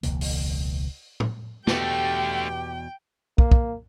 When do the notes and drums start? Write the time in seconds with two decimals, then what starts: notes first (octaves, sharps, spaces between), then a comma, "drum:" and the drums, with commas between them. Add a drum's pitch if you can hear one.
0.03 E1 C#2 E3 A#3, drum: hi-hat
0.21 drum: open hi-hat
1.20 drum: tom A2
1.67 E2 B2 D3 A3 G4 G5, drum: snare
3.38 A#3, drum: kick
3.51 drum: kick